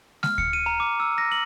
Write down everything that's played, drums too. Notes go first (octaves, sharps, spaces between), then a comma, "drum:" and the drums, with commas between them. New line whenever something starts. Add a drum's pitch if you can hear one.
F6, drum: snare G#3
C#7, drum: kick D2
D#7
A#5
D6
E6
A#6
F#7